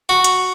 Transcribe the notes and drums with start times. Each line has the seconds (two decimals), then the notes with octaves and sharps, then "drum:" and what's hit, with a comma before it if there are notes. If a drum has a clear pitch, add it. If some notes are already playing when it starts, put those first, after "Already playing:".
0.09 F#4
0.24 drum: hi-hat